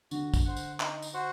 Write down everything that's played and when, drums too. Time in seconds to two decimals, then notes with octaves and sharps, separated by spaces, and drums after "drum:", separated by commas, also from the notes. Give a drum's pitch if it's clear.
0.11 D3 F#4, drum: tambourine
0.34 drum: kick, tambourine
0.45 C5 F#5
0.57 drum: tambourine
0.80 D#4, drum: clap
1.02 drum: tambourine
1.14 F#4 C5 F#5